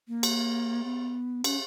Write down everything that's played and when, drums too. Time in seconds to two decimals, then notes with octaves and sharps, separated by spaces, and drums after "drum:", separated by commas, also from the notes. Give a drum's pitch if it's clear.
0.08 A#3
0.23 drum: cymbal
0.84 B3
1.44 C#4, drum: cymbal